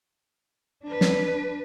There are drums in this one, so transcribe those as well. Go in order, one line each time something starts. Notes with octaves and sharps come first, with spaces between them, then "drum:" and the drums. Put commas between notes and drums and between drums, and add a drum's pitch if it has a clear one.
D4 B4
drum: snare